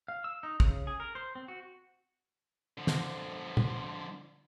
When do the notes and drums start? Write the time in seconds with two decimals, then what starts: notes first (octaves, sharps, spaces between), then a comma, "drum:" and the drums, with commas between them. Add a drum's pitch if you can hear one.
0.08 F5
0.24 E6
0.43 D#4
0.60 C#3, drum: kick
0.87 G#4
1.00 A#4
1.15 C5
1.35 C4
1.48 F#4
2.78 D3 F3
2.87 drum: snare
3.57 drum: tom